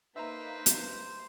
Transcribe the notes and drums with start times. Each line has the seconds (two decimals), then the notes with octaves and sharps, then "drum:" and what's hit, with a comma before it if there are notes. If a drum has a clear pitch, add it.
0.16 A#3 D#4 B4 C5 E5 A#5
0.66 drum: hi-hat